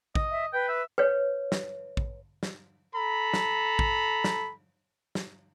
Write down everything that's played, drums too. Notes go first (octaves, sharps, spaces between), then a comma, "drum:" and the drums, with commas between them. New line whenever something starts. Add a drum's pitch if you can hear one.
D#5, drum: kick
E5
B4 G5
E5
B4 C#5
drum: snare
drum: kick
drum: snare
A4 A#5 B5
drum: snare
drum: kick
drum: snare
drum: snare